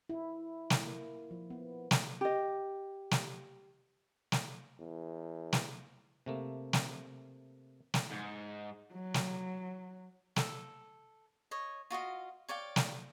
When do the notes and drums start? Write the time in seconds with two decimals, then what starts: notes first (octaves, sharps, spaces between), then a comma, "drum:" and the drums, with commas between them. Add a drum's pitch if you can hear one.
0.09 E4
0.70 drum: snare
0.83 A#3
1.31 F3
1.50 B3
1.91 drum: snare
2.21 G4 D#5
3.11 drum: snare
4.32 drum: snare
4.79 E2
5.53 drum: snare
6.26 C3 A3 A#3
6.73 drum: snare
7.94 drum: snare
8.11 G#2
8.93 F#3
9.14 drum: snare
10.36 A4, drum: snare
11.51 C#5 D#5
11.90 F4 F#4 D#5 F5
12.49 C#5 D5 F5 G5
12.76 drum: snare